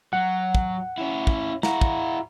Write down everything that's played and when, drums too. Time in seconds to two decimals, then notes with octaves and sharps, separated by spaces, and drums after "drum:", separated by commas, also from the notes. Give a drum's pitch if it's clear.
0.13 F#3 F#5
0.55 drum: kick
0.98 C#4 E4
1.27 drum: kick
1.63 E4 F#4 A#5, drum: snare
1.81 drum: kick